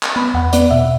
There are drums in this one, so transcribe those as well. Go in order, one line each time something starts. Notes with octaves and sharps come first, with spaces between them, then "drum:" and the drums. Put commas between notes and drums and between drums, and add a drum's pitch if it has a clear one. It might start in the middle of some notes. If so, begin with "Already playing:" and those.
drum: clap
B3 B5
E2 F#5
B3 D5, drum: hi-hat
B2 E5